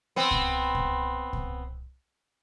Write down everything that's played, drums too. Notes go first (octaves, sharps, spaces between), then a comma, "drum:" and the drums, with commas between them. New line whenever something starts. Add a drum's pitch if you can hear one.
B3 C4
drum: kick C2
drum: kick C2
drum: kick C2